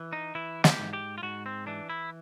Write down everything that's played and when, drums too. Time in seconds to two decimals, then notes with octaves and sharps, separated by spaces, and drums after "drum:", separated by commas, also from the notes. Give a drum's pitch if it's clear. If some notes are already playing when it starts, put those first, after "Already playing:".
Already playing: E3
0.13 D#4
0.35 E3 E4
0.64 G4, drum: snare
0.79 G#2
0.93 G4
1.18 F4
1.23 G#2 F#4
1.46 C4
1.67 E3 D4
1.90 E4